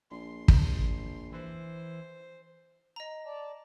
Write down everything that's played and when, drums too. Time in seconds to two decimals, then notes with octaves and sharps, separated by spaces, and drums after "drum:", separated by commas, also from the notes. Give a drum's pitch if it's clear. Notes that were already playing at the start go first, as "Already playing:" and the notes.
0.11 A#1 C6
0.48 drum: kick
1.32 E3 C5
2.96 D#5 A#5
3.26 D5 A5